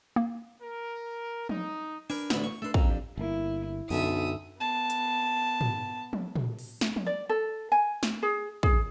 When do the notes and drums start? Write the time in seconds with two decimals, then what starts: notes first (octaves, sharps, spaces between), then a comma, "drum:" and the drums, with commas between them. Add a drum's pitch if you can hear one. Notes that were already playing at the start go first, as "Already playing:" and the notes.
0.16 A#3
0.61 A#4
1.49 D#4, drum: tom
2.10 D4 A#4 B4 G#5, drum: open hi-hat
2.30 A1 D2 B5, drum: snare
2.44 C#6
2.62 A3 D4 A4 B4 C6
2.74 F2 A#5, drum: kick
2.89 D4 G4 D5
3.17 G1 A#3 E4
3.90 B1 F#2 D3 E5 D#6, drum: open hi-hat
4.59 B3 A5
4.90 drum: hi-hat
5.61 drum: tom
6.13 drum: tom
6.36 drum: tom
6.59 drum: open hi-hat
6.81 drum: snare
6.96 drum: tom
7.06 D5
7.29 A4
7.72 G#5
8.03 drum: snare
8.23 G#4
8.63 G#4, drum: kick